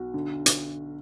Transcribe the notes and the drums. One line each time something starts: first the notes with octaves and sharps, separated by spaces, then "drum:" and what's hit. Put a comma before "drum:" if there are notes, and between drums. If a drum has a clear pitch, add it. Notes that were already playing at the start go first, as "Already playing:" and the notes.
Already playing: B1 F#4
D3
D3, drum: hi-hat